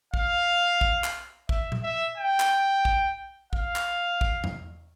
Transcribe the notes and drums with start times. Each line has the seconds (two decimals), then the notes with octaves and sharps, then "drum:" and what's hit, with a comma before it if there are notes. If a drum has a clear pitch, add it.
0.14 F5, drum: kick
0.81 drum: kick
1.04 drum: clap
1.49 E5, drum: kick
1.72 drum: tom A#2
1.83 E5
2.18 G5
2.40 drum: clap
2.85 drum: kick
3.53 F5, drum: kick
3.76 drum: clap
4.21 drum: kick
4.44 drum: tom E2